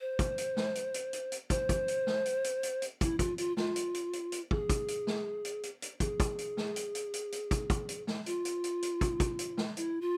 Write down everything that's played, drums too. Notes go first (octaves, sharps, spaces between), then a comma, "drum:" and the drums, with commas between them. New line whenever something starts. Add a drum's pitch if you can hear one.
C5
drum: kick, hi-hat
drum: hi-hat
drum: snare
drum: hi-hat
drum: hi-hat
drum: hi-hat
drum: hi-hat
C5, drum: kick, hi-hat
drum: kick, hi-hat
drum: hi-hat
drum: snare
drum: hi-hat
drum: hi-hat
drum: hi-hat
drum: hi-hat
E4, drum: kick, hi-hat
F4, drum: kick, hi-hat
F4, drum: hi-hat
F4, drum: snare
drum: hi-hat
drum: hi-hat
drum: hi-hat
drum: hi-hat
G#4, drum: kick
drum: kick, hi-hat
drum: hi-hat
drum: snare
drum: hi-hat
drum: hi-hat
drum: hi-hat
G#4, drum: kick, hi-hat
drum: kick, hi-hat
drum: hi-hat
drum: snare
drum: hi-hat
drum: hi-hat
drum: hi-hat
drum: hi-hat
drum: kick, hi-hat
drum: kick, hi-hat
drum: hi-hat
drum: snare
F4, drum: hi-hat
drum: hi-hat
drum: hi-hat
drum: hi-hat
drum: kick, hi-hat
drum: kick, hi-hat
drum: hi-hat
drum: snare
E4, drum: hi-hat
F4